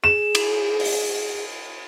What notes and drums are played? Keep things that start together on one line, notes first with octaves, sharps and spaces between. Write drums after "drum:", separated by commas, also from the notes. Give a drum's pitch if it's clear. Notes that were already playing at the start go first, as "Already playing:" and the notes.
G#4 E7
drum: cymbal
drum: open hi-hat